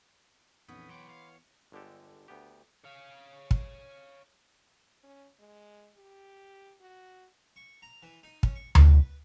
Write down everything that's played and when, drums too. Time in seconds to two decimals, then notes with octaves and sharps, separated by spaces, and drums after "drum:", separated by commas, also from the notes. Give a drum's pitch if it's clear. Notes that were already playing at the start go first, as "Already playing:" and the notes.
0.68 A#1 F2 E3 B3 C#4 D#4 B5
0.89 B1 C#5 G5 B5 C6 D6
1.10 F5
1.72 G1 D3 G#3 G4 A4
2.28 D2 B3 G4
2.85 C#5 F5
3.51 drum: kick
5.04 C#4
5.39 G#3
5.97 G4
6.81 F#4
7.56 C#6
7.82 A#5
8.03 E3
8.23 D#4
8.43 C#4, drum: kick
8.56 C#6
8.75 B4, drum: tom D2